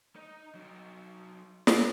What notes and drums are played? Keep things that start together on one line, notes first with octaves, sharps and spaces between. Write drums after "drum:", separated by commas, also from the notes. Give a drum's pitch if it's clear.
D#4 D#5
F#3 D#4
drum: snare